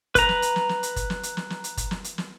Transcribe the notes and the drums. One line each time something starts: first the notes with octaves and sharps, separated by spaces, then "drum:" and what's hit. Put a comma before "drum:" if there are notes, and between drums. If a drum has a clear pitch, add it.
B4 A#5, drum: kick, hi-hat
drum: snare
drum: hi-hat
drum: snare
drum: snare
drum: hi-hat
drum: kick, hi-hat
drum: snare
drum: hi-hat
drum: snare
drum: snare
drum: hi-hat
drum: kick, hi-hat
drum: snare
drum: hi-hat
drum: snare